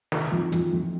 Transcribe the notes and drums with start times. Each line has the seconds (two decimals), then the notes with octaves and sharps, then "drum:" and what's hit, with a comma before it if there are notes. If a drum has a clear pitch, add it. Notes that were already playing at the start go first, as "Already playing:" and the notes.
0.12 D#3, drum: snare
0.32 F2
0.52 F2, drum: hi-hat
0.73 F2